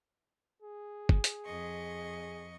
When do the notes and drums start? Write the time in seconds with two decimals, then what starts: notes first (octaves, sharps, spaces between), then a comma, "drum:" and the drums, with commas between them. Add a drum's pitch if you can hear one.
0.62 G#4
1.09 drum: kick
1.24 drum: hi-hat
1.45 F2 D#5 C#6